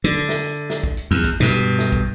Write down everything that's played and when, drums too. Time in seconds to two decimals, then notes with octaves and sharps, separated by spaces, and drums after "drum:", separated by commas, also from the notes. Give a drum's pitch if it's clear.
0.04 D3
0.29 drum: snare
0.43 drum: hi-hat
0.70 drum: snare
0.83 drum: kick
0.97 drum: hi-hat
1.11 E2
1.24 drum: kick, hi-hat
1.40 G2 B2, drum: snare
1.52 drum: hi-hat
1.79 drum: snare
1.92 drum: kick